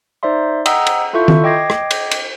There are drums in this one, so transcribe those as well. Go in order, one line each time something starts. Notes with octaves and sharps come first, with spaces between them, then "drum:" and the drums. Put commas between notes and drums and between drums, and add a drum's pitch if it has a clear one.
D#4 C5 D5 E5 C6
D#5 F#5 G5 A#5 D#6 E6, drum: cymbal
drum: cymbal
E4 F4 A4 E5 C#6 G6
drum: tom D#3
D#5 G5 D6 G#6 A#6 C7
drum: rim click
drum: cymbal
drum: cymbal